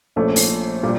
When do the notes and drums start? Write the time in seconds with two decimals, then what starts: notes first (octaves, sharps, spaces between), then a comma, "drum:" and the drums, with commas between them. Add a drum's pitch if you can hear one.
0.16 A#1 A#2 A3 C#4
0.36 drum: open hi-hat
0.83 A#2 G3